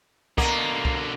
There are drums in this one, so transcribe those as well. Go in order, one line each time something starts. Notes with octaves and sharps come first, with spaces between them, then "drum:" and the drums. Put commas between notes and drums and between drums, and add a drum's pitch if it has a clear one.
B2 D3 A#3, drum: kick C2
drum: kick C2